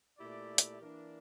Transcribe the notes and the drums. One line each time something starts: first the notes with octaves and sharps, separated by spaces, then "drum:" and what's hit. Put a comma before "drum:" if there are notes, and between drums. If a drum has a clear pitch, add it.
A#2 A3 E4 G4 D5
drum: hi-hat
E3 A#3 D4